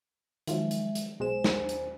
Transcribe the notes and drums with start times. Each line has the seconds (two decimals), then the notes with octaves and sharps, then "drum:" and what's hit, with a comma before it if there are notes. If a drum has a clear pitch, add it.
0.47 D#3 F3 F#3 G#3 E5, drum: hi-hat
0.71 drum: hi-hat
0.95 drum: hi-hat
1.20 B1 G#3 C5 G#5 E7
1.44 drum: snare
1.69 drum: hi-hat